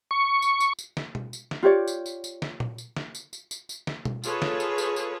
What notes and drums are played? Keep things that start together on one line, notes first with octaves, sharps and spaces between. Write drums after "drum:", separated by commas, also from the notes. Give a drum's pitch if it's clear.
C#6
drum: tambourine
drum: tambourine
drum: tambourine
drum: snare
drum: tom B2
drum: tambourine
drum: snare
F4 G4 C#5 D5
drum: tambourine
drum: tambourine
drum: tambourine
drum: snare
drum: tom A#2
drum: tambourine
drum: snare
drum: tambourine
drum: tambourine
drum: tambourine
drum: tambourine
drum: snare
drum: tom B2
F4 G#4 A4 B4 C#5, drum: tambourine
drum: snare
drum: tambourine
drum: tambourine
drum: tambourine